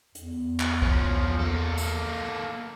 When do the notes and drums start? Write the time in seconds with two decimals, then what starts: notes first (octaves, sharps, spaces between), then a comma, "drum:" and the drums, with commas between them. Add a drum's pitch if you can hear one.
0.15 E2, drum: hi-hat
0.60 drum: clap
0.82 F3 C#4, drum: kick C2
1.39 A#3 A4
1.78 drum: tambourine